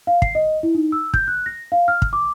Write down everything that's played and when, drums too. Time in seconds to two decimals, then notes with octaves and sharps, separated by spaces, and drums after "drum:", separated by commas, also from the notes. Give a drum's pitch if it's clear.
0.07 F5
0.22 C7, drum: kick
0.35 D#5
0.63 E4
0.75 D#4
0.92 E6
1.14 G6, drum: kick
1.28 F#6
1.46 A#6
1.72 F5
1.88 F6
2.02 drum: kick
2.13 D6